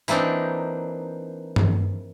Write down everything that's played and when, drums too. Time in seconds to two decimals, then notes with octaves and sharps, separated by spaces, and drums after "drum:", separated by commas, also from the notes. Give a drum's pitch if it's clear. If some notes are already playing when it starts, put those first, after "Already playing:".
0.08 E3 A#3 C4 D4 D#4, drum: tambourine
1.56 drum: tom G2